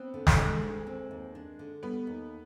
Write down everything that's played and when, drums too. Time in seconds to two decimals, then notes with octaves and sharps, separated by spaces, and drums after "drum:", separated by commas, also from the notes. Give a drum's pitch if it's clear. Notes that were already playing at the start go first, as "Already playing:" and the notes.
Already playing: B3 C4
0.14 D3
0.27 drum: snare
0.38 G3 G#3
0.62 D2
0.87 C4
1.11 D#2
1.35 D4
1.59 D3
1.83 G3 B3
2.07 D#2